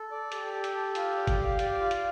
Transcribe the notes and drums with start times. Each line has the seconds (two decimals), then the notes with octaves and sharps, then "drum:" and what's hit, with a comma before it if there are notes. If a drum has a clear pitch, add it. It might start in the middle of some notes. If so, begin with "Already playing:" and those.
Already playing: A4
0.11 D5
0.32 G4 A4, drum: hi-hat
0.53 A4
0.64 drum: hi-hat
0.75 A4
0.95 F4, drum: hi-hat
1.17 D5
1.27 drum: kick G1, hi-hat
1.38 F5
1.59 G4 D5, drum: hi-hat
1.80 F4
1.91 drum: hi-hat